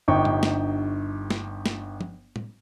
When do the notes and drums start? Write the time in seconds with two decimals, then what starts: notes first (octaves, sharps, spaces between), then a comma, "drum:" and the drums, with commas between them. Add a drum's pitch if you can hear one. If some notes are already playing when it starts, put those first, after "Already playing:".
0.08 G1 G2 D#4 G5 C#6
0.25 drum: tom A2
0.43 drum: snare
1.30 drum: snare
1.66 drum: snare
2.01 drum: tom
2.36 drum: tom A2